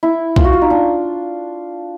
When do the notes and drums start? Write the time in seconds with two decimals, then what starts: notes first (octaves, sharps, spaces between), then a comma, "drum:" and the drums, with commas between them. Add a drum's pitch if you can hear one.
0.03 E4
0.36 F4, drum: kick B1
0.45 F#4
0.53 F4
0.62 D#4
0.70 D4